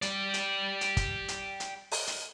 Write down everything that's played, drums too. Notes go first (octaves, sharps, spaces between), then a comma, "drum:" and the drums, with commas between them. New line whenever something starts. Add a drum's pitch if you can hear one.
G4 D5, drum: hi-hat
drum: hi-hat
drum: hi-hat
drum: kick, hi-hat
drum: hi-hat
drum: hi-hat
drum: open hi-hat
drum: hi-hat